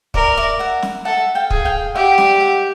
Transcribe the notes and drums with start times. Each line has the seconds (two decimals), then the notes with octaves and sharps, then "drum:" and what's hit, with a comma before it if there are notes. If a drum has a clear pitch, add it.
0.14 A#4 D5 E5, drum: kick
0.37 D5 E5
0.59 E5 F#5
0.82 drum: snare
1.05 A4 E5 F#5
1.35 F5 G5
1.50 G#4, drum: kick
1.65 F5 G5
1.95 G4 E5 F#5
2.18 D5 E5, drum: snare
2.40 E5 F#5